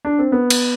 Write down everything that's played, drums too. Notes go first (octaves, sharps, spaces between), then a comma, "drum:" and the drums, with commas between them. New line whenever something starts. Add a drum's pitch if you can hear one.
D4
C4
B3
drum: cymbal